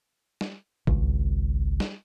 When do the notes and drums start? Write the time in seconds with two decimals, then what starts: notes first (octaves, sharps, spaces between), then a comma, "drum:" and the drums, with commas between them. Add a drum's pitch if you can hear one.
0.41 drum: snare
0.87 G#1 C#2, drum: kick C2
1.80 drum: snare